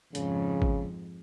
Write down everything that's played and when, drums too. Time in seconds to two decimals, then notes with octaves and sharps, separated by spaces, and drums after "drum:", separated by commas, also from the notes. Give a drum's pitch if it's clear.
0.15 F2 G#2 C#3, drum: hi-hat
0.62 drum: kick G#1